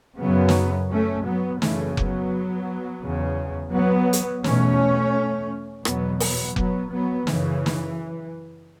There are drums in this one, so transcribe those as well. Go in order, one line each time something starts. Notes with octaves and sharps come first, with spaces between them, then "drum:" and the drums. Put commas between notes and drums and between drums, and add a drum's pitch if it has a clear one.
F#2 C#3 F#3 B3
drum: snare
A3 C#4
F#3 B3
F#2 C#3 E3 A3, drum: snare
F#3 B3, drum: kick F1
E2 C#3
F#3 B3
drum: hi-hat
E2 B2 A3 C#4, drum: snare
E2 B2 F#3 B3, drum: rim click
F#3 B3, drum: open hi-hat
F#3 B3, drum: kick F1
F#3 B3
F#2 C#3 E3, drum: snare
drum: snare